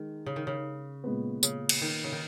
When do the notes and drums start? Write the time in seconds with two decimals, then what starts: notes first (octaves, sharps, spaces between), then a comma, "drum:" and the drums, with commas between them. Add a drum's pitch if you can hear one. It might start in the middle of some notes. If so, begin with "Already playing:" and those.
Already playing: D#3 G#3 D#4
0.26 C#3
0.36 D#3
0.47 C#3
1.04 A#2 G#3 B3
1.43 C#3, drum: tambourine
1.69 drum: cymbal
1.81 D#3
2.04 C#3
2.12 D#3